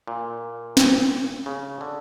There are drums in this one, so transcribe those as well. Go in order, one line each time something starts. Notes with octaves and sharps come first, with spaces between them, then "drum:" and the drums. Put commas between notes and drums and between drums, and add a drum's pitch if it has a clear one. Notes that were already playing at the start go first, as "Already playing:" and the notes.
A#2
drum: snare
C#3
D3